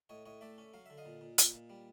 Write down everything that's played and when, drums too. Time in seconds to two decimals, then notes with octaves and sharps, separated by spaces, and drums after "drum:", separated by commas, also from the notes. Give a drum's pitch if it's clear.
0.09 A2 C#5 D#5
0.26 A2 C#5 D#5
0.41 A3 D5 E5
0.58 C#4
0.74 F#3 F5
0.86 D3 E5
0.98 D#5 F5
1.05 A#2
1.21 A#2
1.38 A#2, drum: hi-hat
1.54 A#2
1.70 G3